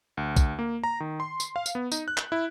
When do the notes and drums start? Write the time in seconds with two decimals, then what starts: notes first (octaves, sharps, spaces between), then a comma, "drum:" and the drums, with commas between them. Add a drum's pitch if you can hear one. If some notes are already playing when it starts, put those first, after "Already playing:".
0.17 D2
0.36 drum: kick, tambourine
0.59 A#3
0.84 A#5
1.00 D#3
1.20 C6
1.40 drum: tambourine
1.56 F5
1.66 drum: tambourine
1.75 B3
1.92 D#4, drum: tambourine
2.08 F#6
2.17 drum: clap
2.32 E4